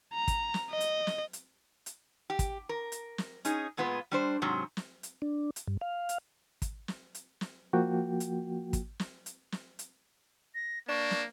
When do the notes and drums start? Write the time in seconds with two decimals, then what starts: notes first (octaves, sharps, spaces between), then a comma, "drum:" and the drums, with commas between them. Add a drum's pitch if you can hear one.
0.13 A#5
0.28 drum: kick, hi-hat
0.54 drum: snare
0.71 D#5
0.80 drum: hi-hat
1.07 drum: snare
1.33 drum: hi-hat
1.86 drum: hi-hat
2.30 G4
2.39 drum: kick, hi-hat
2.69 A#4
2.92 drum: hi-hat
3.18 drum: snare
3.45 C#4 D#4 G#4, drum: hi-hat
3.77 A#2 G#3 B3 F4 B4
4.11 G3 D4 C5
4.42 G#2 C3 F#3
4.77 drum: snare
5.03 drum: hi-hat
5.22 D4
5.56 drum: hi-hat
5.67 G2
5.81 F5
6.09 drum: hi-hat
6.62 drum: kick, hi-hat
6.88 drum: snare
7.15 drum: hi-hat
7.41 drum: snare
7.73 F3 A#3 F#4 G5
8.20 drum: hi-hat
8.73 drum: kick, hi-hat
9.00 drum: snare
9.26 drum: hi-hat
9.52 drum: snare
9.79 drum: hi-hat
10.55 A#6
10.89 A#3 D4 C#6
11.11 drum: snare